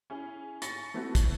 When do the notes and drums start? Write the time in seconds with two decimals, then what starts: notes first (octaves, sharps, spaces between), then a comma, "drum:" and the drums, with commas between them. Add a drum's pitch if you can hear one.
0.10 C#4 E4 G#4
0.62 C#6 A6 A#6 C#7, drum: hi-hat
0.94 A3 B3 C4 E4 F#4
1.15 drum: kick, hi-hat